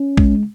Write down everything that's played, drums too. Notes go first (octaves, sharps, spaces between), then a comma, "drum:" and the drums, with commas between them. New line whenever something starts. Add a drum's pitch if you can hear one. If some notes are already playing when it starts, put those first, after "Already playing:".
Already playing: C#4
G#3, drum: kick